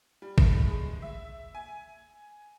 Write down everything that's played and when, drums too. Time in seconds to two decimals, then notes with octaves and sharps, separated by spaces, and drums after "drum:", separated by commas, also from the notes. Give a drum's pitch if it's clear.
0.22 G3
0.38 A2, drum: kick
0.67 G#3
1.02 E5
1.55 G#5